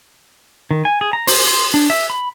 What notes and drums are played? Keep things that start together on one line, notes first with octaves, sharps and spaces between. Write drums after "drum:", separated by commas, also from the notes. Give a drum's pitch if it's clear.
D#3
G#5
G#4
A#5
C5, drum: open hi-hat
C6
D4
E5
B5